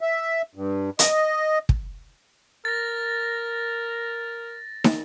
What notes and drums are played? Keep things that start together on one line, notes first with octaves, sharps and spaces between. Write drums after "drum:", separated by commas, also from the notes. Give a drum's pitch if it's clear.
E5
G2
D#5, drum: hi-hat
drum: kick
A#4 A6 A#6
drum: snare